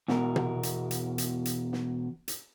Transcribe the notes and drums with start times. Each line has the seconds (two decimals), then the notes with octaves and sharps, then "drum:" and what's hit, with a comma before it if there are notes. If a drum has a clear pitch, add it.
0.08 E2 B2 F#4 A#4, drum: snare
0.36 drum: tom
0.63 drum: hi-hat
0.91 drum: hi-hat
1.18 drum: hi-hat
1.45 drum: hi-hat
1.73 drum: snare
2.28 drum: hi-hat